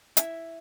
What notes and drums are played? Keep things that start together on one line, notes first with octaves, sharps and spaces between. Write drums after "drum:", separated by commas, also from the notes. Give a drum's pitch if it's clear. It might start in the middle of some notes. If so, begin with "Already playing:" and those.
E4 E5, drum: hi-hat